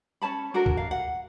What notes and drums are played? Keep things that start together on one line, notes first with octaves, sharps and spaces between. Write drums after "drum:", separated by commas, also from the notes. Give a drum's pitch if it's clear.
C#4 C#5 A5 B5
D4 F#4 A4 A#4
drum: kick C#2
F5
F#5